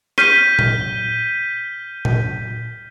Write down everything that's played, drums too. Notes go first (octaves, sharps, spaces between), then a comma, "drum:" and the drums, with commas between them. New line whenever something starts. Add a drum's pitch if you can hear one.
F6 G6 B6 D#7 G7, drum: rim click
drum: tom A#2
drum: tom A#2